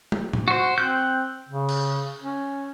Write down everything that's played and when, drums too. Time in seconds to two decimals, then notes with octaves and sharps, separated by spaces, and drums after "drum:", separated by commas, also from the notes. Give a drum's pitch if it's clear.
0.12 drum: tom
0.33 drum: tom A2
0.48 F#4 C5
0.78 C4 F#6 G6
1.49 C#3
1.69 drum: cymbal
2.22 C#4